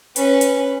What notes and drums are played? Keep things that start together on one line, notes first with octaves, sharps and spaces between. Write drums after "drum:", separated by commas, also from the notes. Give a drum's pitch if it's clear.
C#4 B4, drum: hi-hat
drum: hi-hat